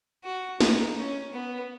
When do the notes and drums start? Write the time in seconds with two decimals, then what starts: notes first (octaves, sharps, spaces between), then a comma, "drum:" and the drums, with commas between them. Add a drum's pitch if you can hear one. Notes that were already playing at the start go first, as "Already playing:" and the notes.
0.24 F#4
0.61 D#4, drum: snare
0.97 C#4
1.33 B3